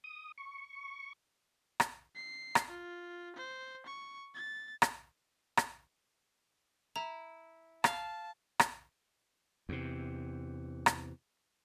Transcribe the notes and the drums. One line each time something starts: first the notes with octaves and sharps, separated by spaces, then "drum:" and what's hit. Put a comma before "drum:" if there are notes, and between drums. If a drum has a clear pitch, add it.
D#6
C#6
drum: rim click
C7
drum: rim click
F4
C5
C#6
A6
drum: rim click
drum: rim click
E4 A#5
F5 A5, drum: rim click
drum: rim click
E2 C3
drum: rim click